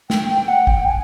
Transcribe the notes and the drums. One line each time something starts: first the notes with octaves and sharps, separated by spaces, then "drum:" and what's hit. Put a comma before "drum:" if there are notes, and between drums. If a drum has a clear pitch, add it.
G5, drum: snare
G5
F#5
G5, drum: kick G#1
G#5